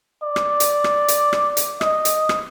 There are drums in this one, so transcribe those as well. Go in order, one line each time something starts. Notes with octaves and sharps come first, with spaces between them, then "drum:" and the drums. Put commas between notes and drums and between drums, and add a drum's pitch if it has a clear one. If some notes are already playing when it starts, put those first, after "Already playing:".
D5
drum: rim click
drum: hi-hat
drum: rim click
drum: hi-hat
drum: rim click
drum: hi-hat
D#5, drum: rim click
drum: hi-hat
drum: rim click